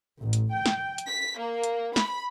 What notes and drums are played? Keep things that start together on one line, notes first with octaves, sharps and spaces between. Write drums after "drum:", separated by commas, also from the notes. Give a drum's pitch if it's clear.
A1
drum: hi-hat
G5
drum: snare
drum: hi-hat
B6
A#3
drum: hi-hat
B5, drum: snare